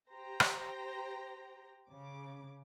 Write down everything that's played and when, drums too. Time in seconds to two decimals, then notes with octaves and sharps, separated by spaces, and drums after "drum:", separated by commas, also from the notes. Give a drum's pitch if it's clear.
0.11 G4 C5 G5 A#5 A#6
0.40 drum: rim click
1.89 C#3 D6